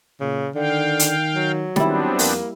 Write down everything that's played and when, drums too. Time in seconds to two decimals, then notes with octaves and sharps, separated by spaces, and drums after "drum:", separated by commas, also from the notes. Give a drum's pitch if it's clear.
0.21 A#2 C#3
0.55 D3 D#3 F5 G5
0.99 drum: hi-hat
1.35 F#3
1.76 D#3 G3 B3 C4 D4 E4, drum: snare
2.19 F2 A#3, drum: open hi-hat